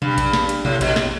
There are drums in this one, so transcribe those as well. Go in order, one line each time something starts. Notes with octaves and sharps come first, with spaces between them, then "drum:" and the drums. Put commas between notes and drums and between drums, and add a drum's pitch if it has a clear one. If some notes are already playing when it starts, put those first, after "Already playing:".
G2, drum: tom B2
drum: kick A#1, hi-hat
drum: snare
drum: hi-hat
A2, drum: tom B2
B2, drum: kick A#1, hi-hat
drum: snare